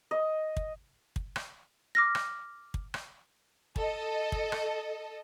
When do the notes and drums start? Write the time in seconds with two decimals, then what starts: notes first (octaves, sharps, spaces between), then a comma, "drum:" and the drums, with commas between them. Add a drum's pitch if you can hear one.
0.11 D#5
0.57 drum: kick
1.16 drum: kick
1.36 drum: rim click
1.95 D6 F6 A#6
2.15 drum: rim click
2.74 drum: kick
2.94 drum: rim click
3.76 A4 D#5, drum: kick
4.32 drum: kick
4.52 drum: rim click